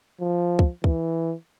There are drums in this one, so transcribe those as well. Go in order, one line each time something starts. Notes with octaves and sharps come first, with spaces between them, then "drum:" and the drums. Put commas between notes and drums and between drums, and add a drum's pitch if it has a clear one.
F3
drum: kick
E3, drum: kick